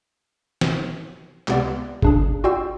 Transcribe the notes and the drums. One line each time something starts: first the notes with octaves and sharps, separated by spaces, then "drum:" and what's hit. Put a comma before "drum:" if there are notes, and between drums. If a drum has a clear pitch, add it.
drum: snare
C#2 C3 B3 D5, drum: clap
C#3 D4 G#4, drum: kick G1
F4 F#4 D5 G5 C6 E6